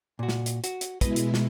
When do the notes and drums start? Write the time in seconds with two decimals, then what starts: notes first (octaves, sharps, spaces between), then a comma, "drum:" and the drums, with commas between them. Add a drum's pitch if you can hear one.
0.19 A#2 F#4
0.29 drum: snare
0.46 drum: hi-hat
0.64 F#4, drum: hi-hat
0.81 drum: hi-hat
1.01 B2 G#3 E4 B4 D#5, drum: kick, hi-hat
1.16 drum: hi-hat
1.34 drum: snare